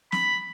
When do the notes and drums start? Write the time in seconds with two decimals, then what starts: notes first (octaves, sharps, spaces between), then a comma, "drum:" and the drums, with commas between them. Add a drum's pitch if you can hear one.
0.12 B5, drum: snare